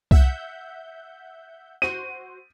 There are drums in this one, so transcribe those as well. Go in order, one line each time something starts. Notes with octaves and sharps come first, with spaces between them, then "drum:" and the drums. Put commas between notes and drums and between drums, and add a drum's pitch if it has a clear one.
E5 F#5 G6, drum: kick C2
F#4 C5 D#7